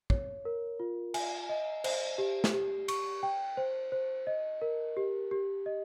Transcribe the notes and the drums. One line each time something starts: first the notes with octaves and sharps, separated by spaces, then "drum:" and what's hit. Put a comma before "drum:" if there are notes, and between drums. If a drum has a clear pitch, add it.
C#5, drum: kick
A#4
F4
G#5, drum: cymbal
D#5
C5, drum: cymbal
G4
drum: snare
G4
C#6, drum: cymbal
G5
C5
C5
D#5
A#4
G4
G4
D#5